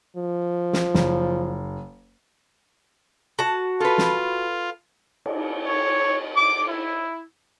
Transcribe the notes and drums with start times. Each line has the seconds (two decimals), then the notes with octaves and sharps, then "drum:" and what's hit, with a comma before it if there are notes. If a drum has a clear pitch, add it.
0.17 F3
0.73 drum: snare
0.94 F#1, drum: snare
3.39 F#4 A5
3.80 F4 A4 B4
3.98 drum: snare
5.26 drum: cymbal
5.67 C#5
6.35 D6
6.68 E4